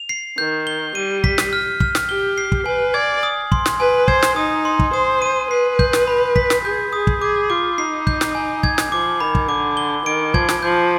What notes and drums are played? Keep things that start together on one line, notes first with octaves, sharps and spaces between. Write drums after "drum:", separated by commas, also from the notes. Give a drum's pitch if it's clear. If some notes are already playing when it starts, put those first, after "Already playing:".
Already playing: F7
C7
D#3 G6
G7
G3 D#7
B6, drum: kick
drum: snare
F6
F6, drum: kick
drum: snare
G4 G7
C7
drum: kick
B4 G#5
D5 G#6
D#6
C6, drum: kick
drum: snare
B4 G#5
C5 G#6, drum: kick
drum: snare
D#4 D#6
C6
drum: kick
C5 D#6
D#7
B4 C7
G6, drum: kick
drum: snare
B5
B6, drum: kick
drum: snare
G#4 G6
G#4 D#6
drum: kick
G#4 D6
F4 D6
D#4 C7
G6, drum: kick
drum: snare
G#5
G#6, drum: kick
drum: snare
F3 D6
D#3 B5
drum: kick
D3 D6
G7
D#3 D7
F3 G#6, drum: kick
drum: snare
F3 G6